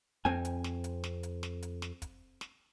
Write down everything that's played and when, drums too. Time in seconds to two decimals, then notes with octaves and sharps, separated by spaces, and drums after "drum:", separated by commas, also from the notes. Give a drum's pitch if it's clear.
0.25 F2 C4 G#5
0.45 drum: hi-hat
0.64 drum: snare
0.84 drum: hi-hat
1.04 drum: snare
1.23 drum: hi-hat
1.43 drum: snare
1.62 drum: hi-hat
1.82 drum: snare
2.02 drum: kick, hi-hat
2.41 drum: snare